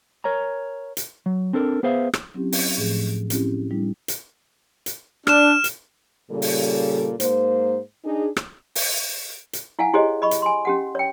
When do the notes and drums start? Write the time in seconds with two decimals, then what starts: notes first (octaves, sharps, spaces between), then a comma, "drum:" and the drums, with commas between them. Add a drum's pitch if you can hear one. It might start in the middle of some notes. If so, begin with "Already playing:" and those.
0.24 A#4 C#5 G#5 A#5
0.97 drum: hi-hat
1.26 F#3
1.53 C4 D4 A4 A#4
1.83 B3 G#4 B4 C5 E5 F5
2.14 drum: rim click
2.34 F#3 C4 C#4 E4 G4
2.52 drum: open hi-hat
2.77 A2 F3 A3 G#4
3.30 C4 C#4 E4 G4, drum: hi-hat
3.70 G3 D4 E4
4.08 drum: hi-hat
4.86 drum: hi-hat
5.27 D4 F6 E7, drum: rim click
5.64 drum: hi-hat
6.30 A#2 C#3 G3 A4
6.42 drum: open hi-hat
7.20 G#2 A#3 C5, drum: hi-hat
8.04 D4 D#4 G#4
8.37 drum: rim click
8.75 drum: open hi-hat
9.53 drum: hi-hat
9.79 E4 F5 F#5 G#5
9.94 E4 G4 G#4 C5 C#5 D#5
10.22 D#5 B5 C#6
10.31 drum: hi-hat
10.42 G#5 C6
10.65 C#4 G4 F#5
10.95 C#5 G5